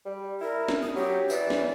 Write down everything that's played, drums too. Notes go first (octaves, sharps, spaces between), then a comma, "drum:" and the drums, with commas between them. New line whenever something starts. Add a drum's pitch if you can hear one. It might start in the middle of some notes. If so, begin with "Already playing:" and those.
G3
E4 A#4
drum: snare
D#6
F#3 G4
E3 D5, drum: tambourine
drum: snare